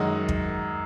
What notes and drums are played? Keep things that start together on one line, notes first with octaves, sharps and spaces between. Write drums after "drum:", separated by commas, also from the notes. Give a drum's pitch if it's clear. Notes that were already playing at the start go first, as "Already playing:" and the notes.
Already playing: F#2 D#3 G#3 D#5 F#5
drum: kick